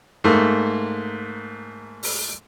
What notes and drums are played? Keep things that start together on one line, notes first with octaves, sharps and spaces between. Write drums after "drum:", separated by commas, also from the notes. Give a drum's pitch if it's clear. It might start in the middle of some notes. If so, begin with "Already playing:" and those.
G#2 A3 A#3
drum: open hi-hat